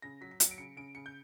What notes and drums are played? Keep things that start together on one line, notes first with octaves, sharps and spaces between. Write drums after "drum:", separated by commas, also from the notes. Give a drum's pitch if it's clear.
C#3 A#6
F#3 B6
B6
F#3 C#7, drum: hi-hat
D7
C#3 C#7
C#3 D7
C#3 C#7
G6